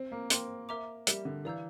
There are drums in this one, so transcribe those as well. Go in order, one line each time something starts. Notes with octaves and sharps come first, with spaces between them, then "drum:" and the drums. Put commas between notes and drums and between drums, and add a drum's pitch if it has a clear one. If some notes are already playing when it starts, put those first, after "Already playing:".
Already playing: C4
A#3
A#3 C5 G5 C6, drum: hi-hat
A#4 E5 A#5 D6
G3 G4 A#4 E5, drum: hi-hat
D3
E3 D5 F5 A#5 E6 G6